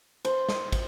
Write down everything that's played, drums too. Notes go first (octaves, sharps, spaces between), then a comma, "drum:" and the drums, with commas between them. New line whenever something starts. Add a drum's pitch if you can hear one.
C5, drum: cymbal
drum: snare
drum: kick, cymbal